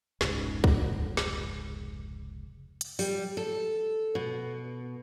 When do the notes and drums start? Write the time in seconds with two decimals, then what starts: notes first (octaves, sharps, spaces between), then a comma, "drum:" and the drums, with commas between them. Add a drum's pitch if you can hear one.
0.21 F1 C#2 G#2 C#3, drum: snare
0.64 drum: kick
1.17 drum: snare
2.81 drum: hi-hat
2.99 G3, drum: open hi-hat
3.37 A4
4.15 B2